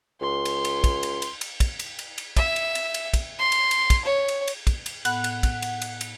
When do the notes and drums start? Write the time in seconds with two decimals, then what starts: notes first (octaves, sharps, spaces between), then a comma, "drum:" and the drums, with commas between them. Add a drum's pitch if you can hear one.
0.21 C#2 C6
0.45 drum: cymbal
0.65 drum: cymbal
0.84 drum: kick, cymbal
1.03 drum: cymbal
1.22 drum: cymbal
1.41 drum: cymbal
1.60 drum: kick, cymbal
1.79 drum: cymbal
1.99 drum: cymbal
2.18 drum: cymbal
2.37 E5, drum: kick, cymbal
2.56 drum: cymbal
2.75 drum: cymbal
2.94 drum: cymbal
3.14 drum: kick, cymbal
3.39 C6
3.52 drum: cymbal
3.71 drum: cymbal
3.90 drum: kick, cymbal
4.05 C#5
4.28 drum: cymbal
4.48 drum: cymbal
4.67 drum: kick, cymbal
4.86 drum: cymbal
5.05 A2 B3 F#5 B5 F#6, drum: cymbal
5.24 drum: cymbal
5.43 drum: kick, cymbal
5.62 drum: cymbal
5.82 drum: cymbal
6.01 drum: cymbal